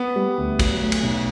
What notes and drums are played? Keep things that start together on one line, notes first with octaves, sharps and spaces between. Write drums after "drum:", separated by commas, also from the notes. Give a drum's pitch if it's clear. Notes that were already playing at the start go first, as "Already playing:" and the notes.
Already playing: B3
G3
D2
F#3, drum: kick, cymbal
A3
drum: cymbal
B1